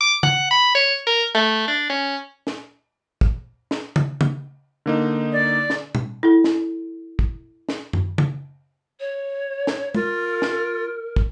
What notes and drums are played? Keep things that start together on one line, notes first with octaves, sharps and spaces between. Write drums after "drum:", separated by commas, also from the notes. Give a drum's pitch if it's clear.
D6
F#5, drum: tom C#3
B5
C#5
A#4
A3
D4
C#4
drum: snare
drum: kick
drum: snare
drum: tom C#3
drum: tom C#3
D3 A#3 D#4
D5
drum: snare
drum: tom B2
E4 A4
drum: snare
drum: kick
drum: snare
drum: tom F#2
drum: tom C#3
C#5
drum: snare
F4 A#4, drum: tom G#3
drum: snare
drum: kick